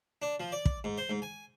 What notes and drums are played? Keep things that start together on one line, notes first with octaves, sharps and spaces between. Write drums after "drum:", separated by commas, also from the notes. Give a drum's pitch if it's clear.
D4
F3
D5
drum: kick
G#2
C5
G#2
G#5